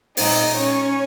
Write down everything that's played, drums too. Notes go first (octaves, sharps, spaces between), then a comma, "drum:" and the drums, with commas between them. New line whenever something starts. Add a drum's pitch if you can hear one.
A#2 G#3 C4 D#4 D#5, drum: open hi-hat
C#4 C#5